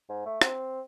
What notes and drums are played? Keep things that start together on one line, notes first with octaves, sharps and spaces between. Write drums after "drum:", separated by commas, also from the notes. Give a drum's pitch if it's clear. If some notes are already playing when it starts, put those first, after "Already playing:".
G#2
A3
C4, drum: rim click